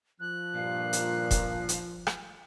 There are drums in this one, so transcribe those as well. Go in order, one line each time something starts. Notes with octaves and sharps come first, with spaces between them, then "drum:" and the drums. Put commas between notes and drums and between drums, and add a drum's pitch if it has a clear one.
F3 F#6
G2 A#2 F5
drum: hi-hat
drum: kick E1, hi-hat
drum: hi-hat
drum: rim click